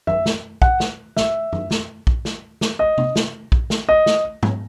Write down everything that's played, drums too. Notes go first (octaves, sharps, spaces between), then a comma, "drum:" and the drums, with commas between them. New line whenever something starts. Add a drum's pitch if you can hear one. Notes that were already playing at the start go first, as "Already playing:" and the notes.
E5, drum: tom F#2
drum: snare
F#5, drum: kick
drum: snare
E5, drum: snare
drum: tom F#2
drum: snare
drum: kick
drum: snare
drum: snare
D#5
drum: tom C3
drum: snare
drum: kick
drum: snare
D#5
drum: snare
drum: tom G#2